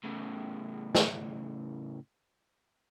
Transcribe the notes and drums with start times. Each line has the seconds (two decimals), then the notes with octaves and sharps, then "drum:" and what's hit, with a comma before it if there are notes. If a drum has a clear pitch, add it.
0.04 A2 C#3
0.95 drum: snare